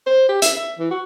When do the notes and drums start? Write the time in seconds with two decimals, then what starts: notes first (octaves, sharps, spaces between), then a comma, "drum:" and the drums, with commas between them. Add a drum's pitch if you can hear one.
0.07 C5
0.29 G4
0.42 E5, drum: hi-hat
0.56 E5
0.79 E3
0.91 F#4